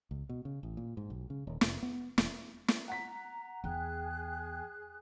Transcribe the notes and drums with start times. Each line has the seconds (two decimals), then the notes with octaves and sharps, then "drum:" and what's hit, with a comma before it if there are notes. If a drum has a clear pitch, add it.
0.11 C#2
0.29 B2
0.45 C#3
0.63 A1
0.77 A#2
0.97 G#2
1.10 B1
1.30 C#3
1.47 D#1
1.61 F1, drum: snare
1.83 B3
2.18 E1, drum: snare
2.68 drum: snare
2.88 F#5 A#5 B6
3.64 E2 G#4 G5 F#6